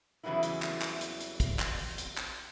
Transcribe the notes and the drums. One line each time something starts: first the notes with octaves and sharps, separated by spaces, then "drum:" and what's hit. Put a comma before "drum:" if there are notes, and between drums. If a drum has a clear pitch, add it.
E2 C#3 E3 F#3 G3 E4
drum: hi-hat
drum: clap
drum: clap
drum: hi-hat
drum: hi-hat
drum: kick, hi-hat
drum: clap
drum: open hi-hat
drum: hi-hat
drum: clap